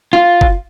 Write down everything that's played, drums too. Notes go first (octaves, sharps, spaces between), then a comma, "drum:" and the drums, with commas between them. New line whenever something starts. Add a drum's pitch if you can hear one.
F4
drum: kick F#1